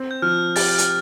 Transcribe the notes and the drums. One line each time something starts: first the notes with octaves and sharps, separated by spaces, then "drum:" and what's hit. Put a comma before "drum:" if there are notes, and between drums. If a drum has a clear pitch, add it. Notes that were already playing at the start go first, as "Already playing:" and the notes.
Already playing: C4
G6
F3 F6
G4 A6, drum: open hi-hat
drum: hi-hat